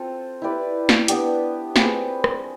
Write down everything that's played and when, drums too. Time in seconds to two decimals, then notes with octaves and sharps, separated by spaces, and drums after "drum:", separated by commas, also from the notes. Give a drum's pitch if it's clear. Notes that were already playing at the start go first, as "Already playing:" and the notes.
Already playing: C4 F4 A4
0.42 E4 G4 B4 D5
0.89 drum: snare
1.08 B3 D4 G4, drum: hi-hat
1.76 C4 F4 G#4 B4, drum: snare
2.24 drum: rim click